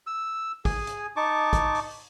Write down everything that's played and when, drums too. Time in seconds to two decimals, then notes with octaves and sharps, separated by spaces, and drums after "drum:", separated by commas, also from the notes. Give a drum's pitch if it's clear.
0.07 E6
0.65 G#4 G#5 D#6, drum: kick, open hi-hat
0.87 drum: hi-hat
1.16 D#4 A5 C#6 D6
1.53 drum: kick, hi-hat
1.75 drum: open hi-hat